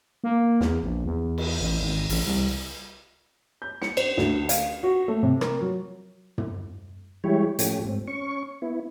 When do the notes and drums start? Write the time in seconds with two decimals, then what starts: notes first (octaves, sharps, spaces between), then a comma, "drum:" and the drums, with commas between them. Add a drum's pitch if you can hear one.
0.24 A#3
0.61 E2, drum: snare
0.83 A#1
1.05 E2
1.38 drum: cymbal
1.61 A1
1.79 G#1
2.09 A1, drum: open hi-hat
2.25 C2
3.62 G6
3.82 C#7, drum: snare
3.97 C5, drum: cymbal
4.18 D2, drum: snare
4.49 F5, drum: hi-hat
4.83 F#4
5.08 A3
5.23 C3
5.41 A#4, drum: rim click
5.61 F#3
6.38 drum: tom
7.24 E3 G3 G#3 E4 G4 C#5
7.59 A2 F3 A3 C#4 G4, drum: hi-hat
7.85 G#2 C4
8.08 C#4 C#6
8.62 B3 E4